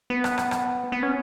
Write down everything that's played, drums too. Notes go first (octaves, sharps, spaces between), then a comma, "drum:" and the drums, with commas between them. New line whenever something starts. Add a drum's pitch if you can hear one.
B3
drum: rim click
drum: rim click
drum: rim click
B3
C#4